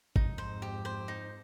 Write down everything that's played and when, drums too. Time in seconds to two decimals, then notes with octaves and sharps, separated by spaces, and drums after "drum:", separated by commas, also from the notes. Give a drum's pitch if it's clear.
0.16 F2 G#2 D#4, drum: kick G#1
0.38 C5
0.62 G4
0.85 C5
1.08 D#4